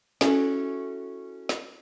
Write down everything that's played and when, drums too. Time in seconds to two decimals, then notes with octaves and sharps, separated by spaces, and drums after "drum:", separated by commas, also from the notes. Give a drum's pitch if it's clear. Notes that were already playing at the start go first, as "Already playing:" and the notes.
0.21 C#4 E4 F#4 A4, drum: snare
1.49 drum: snare